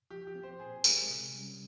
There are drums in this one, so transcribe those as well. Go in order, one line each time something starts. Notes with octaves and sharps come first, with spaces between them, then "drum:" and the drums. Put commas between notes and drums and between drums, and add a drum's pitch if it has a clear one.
F3 G4
G4
C4 F4
C5
A#2 G#4
G#3 C4 G4 A#4, drum: tambourine
C3
G3 C#4